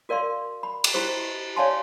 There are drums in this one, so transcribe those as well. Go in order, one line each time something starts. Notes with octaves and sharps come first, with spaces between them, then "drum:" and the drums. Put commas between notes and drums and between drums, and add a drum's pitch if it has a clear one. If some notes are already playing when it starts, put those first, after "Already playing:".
F#4 A#4 D5 F5 C6
B5
drum: cymbal
E4 F#4 G4 C5
C#5 D5 F5 G#5 A5 C6